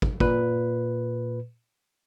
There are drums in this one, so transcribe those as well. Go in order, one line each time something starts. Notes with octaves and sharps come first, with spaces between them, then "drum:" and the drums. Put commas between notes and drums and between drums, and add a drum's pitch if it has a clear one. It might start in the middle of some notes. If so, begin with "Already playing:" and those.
drum: kick
A#2 B4, drum: kick